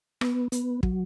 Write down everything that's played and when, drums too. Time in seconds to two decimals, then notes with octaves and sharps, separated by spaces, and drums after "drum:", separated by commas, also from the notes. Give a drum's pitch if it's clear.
0.21 B3, drum: rim click
0.52 B3, drum: hi-hat
0.83 F#3, drum: kick